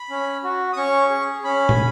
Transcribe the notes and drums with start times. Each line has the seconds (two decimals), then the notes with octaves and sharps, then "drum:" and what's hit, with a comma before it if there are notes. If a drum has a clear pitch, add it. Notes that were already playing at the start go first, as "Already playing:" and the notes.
Already playing: B5
0.10 C#4
0.44 F#4
0.73 D#6
0.77 C#4 C#6
1.10 G#4
1.44 C#4 B5
1.69 drum: tom